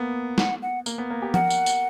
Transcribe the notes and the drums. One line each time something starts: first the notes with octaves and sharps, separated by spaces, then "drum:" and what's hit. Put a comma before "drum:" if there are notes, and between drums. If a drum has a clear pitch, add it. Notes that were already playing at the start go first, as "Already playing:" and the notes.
Already playing: A#3 B3
F#5, drum: snare
F#5
A#3, drum: tambourine
B3
A#3
G4
A#4 F#5, drum: tom F3
drum: tambourine
drum: tambourine